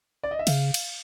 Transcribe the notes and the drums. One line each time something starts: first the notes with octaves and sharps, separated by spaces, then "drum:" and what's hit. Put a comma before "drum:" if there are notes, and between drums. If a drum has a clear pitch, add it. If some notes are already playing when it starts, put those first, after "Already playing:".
D5
D#5
E5
C#3 F5, drum: cymbal
drum: cymbal